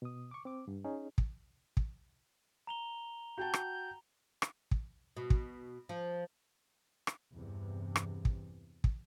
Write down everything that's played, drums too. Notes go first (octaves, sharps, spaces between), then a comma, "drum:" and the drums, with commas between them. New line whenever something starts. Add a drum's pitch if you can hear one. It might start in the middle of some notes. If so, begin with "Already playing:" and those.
B2 D#6
C#6 D6
C4 D6
G2
C#4 D#4 G#4
drum: kick
drum: kick
A#5 F7 G7
F#4 G5 A5 G6
drum: rim click
drum: rim click
drum: kick
B2
drum: kick
F3
drum: rim click
E2 G2 C3
drum: rim click
drum: kick
drum: kick